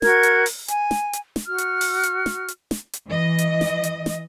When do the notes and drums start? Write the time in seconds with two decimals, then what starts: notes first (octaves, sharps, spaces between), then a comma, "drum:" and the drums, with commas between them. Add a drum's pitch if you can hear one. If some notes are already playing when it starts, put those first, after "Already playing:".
0.02 F#4 A#4 G#6, drum: snare
0.23 drum: hi-hat
0.46 drum: open hi-hat
0.68 G#5, drum: hi-hat
0.91 drum: snare
1.13 drum: hi-hat
1.36 drum: snare
1.46 F#4 F6
1.58 drum: hi-hat
1.81 drum: open hi-hat
2.03 drum: hi-hat
2.26 drum: snare
2.48 drum: hi-hat
2.71 drum: snare
2.93 drum: hi-hat
3.07 E3 D#5
3.39 drum: hi-hat
3.61 drum: snare
3.84 drum: hi-hat
4.06 drum: snare